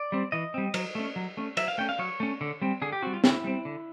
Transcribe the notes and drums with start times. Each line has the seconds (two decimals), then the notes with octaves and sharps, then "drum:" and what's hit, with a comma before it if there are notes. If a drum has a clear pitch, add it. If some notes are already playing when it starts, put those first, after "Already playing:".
Already playing: D5
0.12 G3 C4
0.32 E3 D#5
0.54 G3 C4
0.74 F#3, drum: cymbal
0.95 A3 C#4
1.16 F#3
1.37 A3 C#4
1.57 F#3 E5, drum: cymbal
1.68 F5
1.78 A3 C#4 G5
1.89 F5
1.99 F#3 C#5
2.20 A3 C#4
2.41 D3
2.61 G3 C4
2.82 D3 G#4
2.93 G4
3.03 G3 C4 F#4
3.14 F4
3.24 D3 E4, drum: snare
3.44 G3 C4
3.65 D3